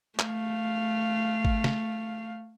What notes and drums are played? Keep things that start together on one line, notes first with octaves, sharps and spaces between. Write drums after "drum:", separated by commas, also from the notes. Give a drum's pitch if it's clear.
A3 F5, drum: clap
drum: kick G#1
drum: snare